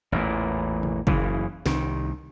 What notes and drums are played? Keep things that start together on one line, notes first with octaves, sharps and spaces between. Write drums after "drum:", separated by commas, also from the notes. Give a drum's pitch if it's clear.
A1 E2 A#2
drum: tom A#2
F#1 C#3 E3, drum: kick
C2 D#3, drum: snare